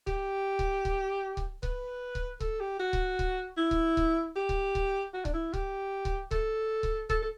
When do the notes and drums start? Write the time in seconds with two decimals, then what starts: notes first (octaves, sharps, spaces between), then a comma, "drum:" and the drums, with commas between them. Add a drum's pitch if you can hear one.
0.07 G4, drum: kick C#1
0.59 drum: kick C#1
0.85 drum: kick C#1
1.37 drum: kick C#1
1.63 B4, drum: kick C#1
2.15 drum: kick C#1
2.40 A4, drum: kick C#1
2.60 G4
2.80 F#4
2.93 drum: kick C#1
3.19 drum: kick C#1
3.58 E4
3.71 drum: kick C#1
3.97 drum: kick C#1
4.36 G4
4.49 drum: kick C#1
4.75 drum: kick C#1
5.14 F#4
5.25 D4, drum: kick C#1
5.34 E4
5.54 G4, drum: kick C#1
6.05 drum: kick C#1
6.31 A4, drum: kick C#1
6.83 drum: kick C#1
7.10 A4, drum: kick C#1
7.23 A4